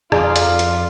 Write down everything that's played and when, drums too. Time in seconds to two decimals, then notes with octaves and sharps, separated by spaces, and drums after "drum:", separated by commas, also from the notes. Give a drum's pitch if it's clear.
0.12 F2 F4 G#4 D5 A#5 D6, drum: rim click
0.36 drum: hi-hat
0.59 drum: hi-hat